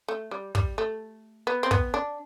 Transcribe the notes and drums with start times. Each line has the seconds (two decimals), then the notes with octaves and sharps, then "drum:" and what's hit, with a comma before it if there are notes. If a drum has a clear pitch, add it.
0.08 A3
0.31 G3
0.55 G3, drum: kick
0.78 A3
1.47 B3
1.63 C4
1.71 B3, drum: kick
1.94 D4